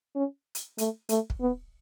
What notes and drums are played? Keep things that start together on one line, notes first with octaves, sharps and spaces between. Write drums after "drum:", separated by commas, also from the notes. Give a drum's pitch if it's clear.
C#4
drum: hi-hat
A3, drum: hi-hat
A3, drum: hi-hat
drum: kick
B3